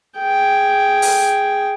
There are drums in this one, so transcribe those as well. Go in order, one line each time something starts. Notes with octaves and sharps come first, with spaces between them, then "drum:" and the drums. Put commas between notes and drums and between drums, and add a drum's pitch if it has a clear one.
G#4 G5
drum: open hi-hat